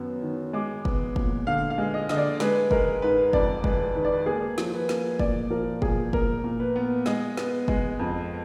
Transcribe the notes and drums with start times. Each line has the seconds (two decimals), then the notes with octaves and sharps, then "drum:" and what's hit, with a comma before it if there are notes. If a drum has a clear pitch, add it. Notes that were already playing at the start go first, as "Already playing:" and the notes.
Already playing: F#2 D#3 B3
0.22 D#3
0.53 G#3 D6
0.85 B3, drum: kick F#1
1.16 A#2, drum: kick F#1
1.47 D3 F5
1.70 F5
1.78 G#3
1.94 D#5
2.09 D3 D#5, drum: snare
2.17 D5
2.40 G#3 B4, drum: snare
2.71 G#3 A#4, drum: kick F#1
3.02 G#2 B4
3.33 F2 D5, drum: kick F#1
3.64 G#3 B4, drum: kick F#1
3.95 D#3 B4
4.05 D5
4.13 B4
4.26 A#3 G#4
4.58 F3, drum: snare
4.74 B4
4.89 A#3, drum: snare
5.19 A#2 D5, drum: kick F#1
5.50 F3 A#4
5.82 A#2 G#4, drum: kick F#1
6.13 A#2 A#4, drum: kick F#1
6.44 A#2
6.60 B4
6.76 B3
7.06 G#3 D#5, drum: snare
7.37 B3, drum: snare
7.68 G#3, drum: kick F#1
7.99 F2